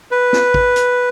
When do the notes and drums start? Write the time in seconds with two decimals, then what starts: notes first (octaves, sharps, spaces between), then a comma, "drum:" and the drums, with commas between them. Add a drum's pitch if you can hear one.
0.11 B4
0.33 drum: snare
0.54 drum: kick
0.76 drum: hi-hat